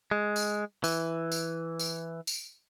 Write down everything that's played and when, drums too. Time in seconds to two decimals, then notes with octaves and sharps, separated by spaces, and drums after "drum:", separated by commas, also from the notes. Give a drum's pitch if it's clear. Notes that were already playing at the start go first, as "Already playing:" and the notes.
0.11 G#3
0.36 drum: tambourine
0.84 E3, drum: tambourine
1.32 drum: tambourine
1.79 drum: tambourine
2.27 drum: tambourine